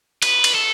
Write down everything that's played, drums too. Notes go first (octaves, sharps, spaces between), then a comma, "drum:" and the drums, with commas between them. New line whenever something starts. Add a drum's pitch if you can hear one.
B4, drum: cymbal
drum: cymbal
A4